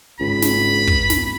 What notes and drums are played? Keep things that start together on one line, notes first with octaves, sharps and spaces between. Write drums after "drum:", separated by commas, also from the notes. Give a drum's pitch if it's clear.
G#1 C#2 B5
drum: snare
drum: kick
drum: snare